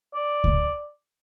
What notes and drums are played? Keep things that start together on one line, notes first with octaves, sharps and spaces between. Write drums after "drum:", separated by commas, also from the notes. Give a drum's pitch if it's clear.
D5
drum: kick C#2